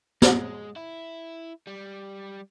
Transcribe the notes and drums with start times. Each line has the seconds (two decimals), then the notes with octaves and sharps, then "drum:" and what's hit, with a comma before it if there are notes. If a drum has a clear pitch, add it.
0.22 G#3, drum: snare
0.76 E4
1.67 G3